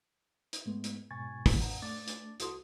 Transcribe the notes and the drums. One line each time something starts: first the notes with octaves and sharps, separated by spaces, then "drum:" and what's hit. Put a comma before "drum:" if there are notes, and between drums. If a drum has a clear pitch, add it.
drum: hi-hat
G#2 G#3 A3 B3
drum: hi-hat
G#2 B2 G#5 C#6 G#6 A6
D#3 E3 F#3, drum: kick, open hi-hat
F2 D4 F#5 A#5
A3 D4 D6 A6
drum: hi-hat
C2 E4 F#4 A4 C6 D#6, drum: hi-hat